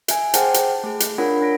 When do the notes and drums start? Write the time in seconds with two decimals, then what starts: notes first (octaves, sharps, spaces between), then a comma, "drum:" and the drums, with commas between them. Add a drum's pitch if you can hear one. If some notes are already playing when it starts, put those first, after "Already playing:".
0.08 E5 G#5, drum: hi-hat
0.34 G#4 C5 F#5 G5 A5 F6, drum: hi-hat
0.54 drum: hi-hat
0.84 A3 G#4
1.00 drum: hi-hat
1.18 D4 F4 A#4 C#5 F#5 B5
1.41 D4 F4 A#6 B6 D7